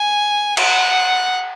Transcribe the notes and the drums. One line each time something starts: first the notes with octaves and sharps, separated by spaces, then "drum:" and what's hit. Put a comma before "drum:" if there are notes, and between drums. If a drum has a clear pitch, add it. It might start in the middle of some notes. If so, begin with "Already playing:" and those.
Already playing: G#5
F#5, drum: cymbal